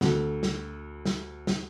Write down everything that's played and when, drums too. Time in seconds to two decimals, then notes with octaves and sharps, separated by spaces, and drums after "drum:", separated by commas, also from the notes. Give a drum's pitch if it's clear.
0.01 D2 A4, drum: snare
0.43 drum: snare
1.05 drum: snare
1.47 drum: snare